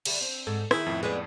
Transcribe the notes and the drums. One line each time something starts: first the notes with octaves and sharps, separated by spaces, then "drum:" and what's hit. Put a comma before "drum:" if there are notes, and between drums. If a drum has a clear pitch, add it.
D3 G3 A3, drum: cymbal
C4 D4
G#2 A4
D#3 B3 E4 G#4 E5, drum: rim click
F2 A2
G#3 B3 G#4 B4 D5